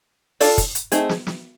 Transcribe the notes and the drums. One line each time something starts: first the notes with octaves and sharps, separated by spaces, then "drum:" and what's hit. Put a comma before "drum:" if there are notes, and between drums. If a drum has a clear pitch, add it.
D4 F4 A4 D5, drum: open hi-hat
drum: kick, hi-hat
drum: hi-hat
A3 C4 D#4 G#4, drum: hi-hat
drum: snare
drum: snare